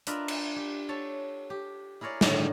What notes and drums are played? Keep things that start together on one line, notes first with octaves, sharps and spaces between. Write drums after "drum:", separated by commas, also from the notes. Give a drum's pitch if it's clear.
D4 F4 A#4 B4 D#5 E5, drum: hi-hat
drum: cymbal
G4
A4 C#5 A5
G4
E4 G#4 A#4 C#5 D5
A2 D3 D#3, drum: snare